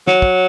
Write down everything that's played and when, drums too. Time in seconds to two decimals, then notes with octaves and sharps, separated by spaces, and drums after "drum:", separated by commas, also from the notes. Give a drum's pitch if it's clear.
0.07 F#3, drum: snare
0.22 drum: kick